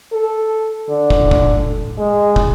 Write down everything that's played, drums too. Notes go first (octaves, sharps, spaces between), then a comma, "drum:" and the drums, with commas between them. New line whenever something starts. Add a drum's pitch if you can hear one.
A4
D3
drum: kick
drum: kick
G#3
drum: kick